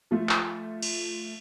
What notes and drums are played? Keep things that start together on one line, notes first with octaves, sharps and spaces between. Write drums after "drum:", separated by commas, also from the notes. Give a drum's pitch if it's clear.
F3 A3 F4
drum: clap
drum: cymbal